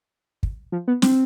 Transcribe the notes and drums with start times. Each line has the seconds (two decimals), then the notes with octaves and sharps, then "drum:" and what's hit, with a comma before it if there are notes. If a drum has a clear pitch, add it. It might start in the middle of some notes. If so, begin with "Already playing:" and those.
0.43 drum: kick
0.72 F3
0.88 B3
1.02 C4, drum: snare